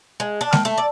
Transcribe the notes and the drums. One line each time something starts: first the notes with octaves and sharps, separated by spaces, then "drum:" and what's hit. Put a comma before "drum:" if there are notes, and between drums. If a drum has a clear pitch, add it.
G#3
D4
D#3, drum: snare G#3
A3
D5